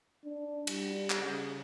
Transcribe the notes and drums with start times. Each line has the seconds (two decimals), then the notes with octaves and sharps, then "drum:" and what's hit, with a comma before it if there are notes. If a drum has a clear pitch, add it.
0.24 D4
0.67 G3, drum: cymbal
1.10 drum: clap
1.20 C#3